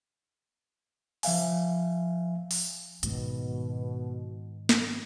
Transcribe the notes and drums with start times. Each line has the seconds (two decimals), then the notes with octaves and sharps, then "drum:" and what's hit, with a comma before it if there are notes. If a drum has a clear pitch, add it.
1.23 F3 E5 F5 G#5, drum: open hi-hat
2.51 drum: open hi-hat
3.03 G#2 B2 D#3, drum: hi-hat
4.69 drum: snare